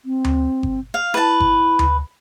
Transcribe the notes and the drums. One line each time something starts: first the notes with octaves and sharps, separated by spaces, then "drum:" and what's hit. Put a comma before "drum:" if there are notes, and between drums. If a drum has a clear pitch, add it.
C4
drum: tom D2
drum: kick G1
F5
E4 B4 A5
drum: kick G1
drum: tom D2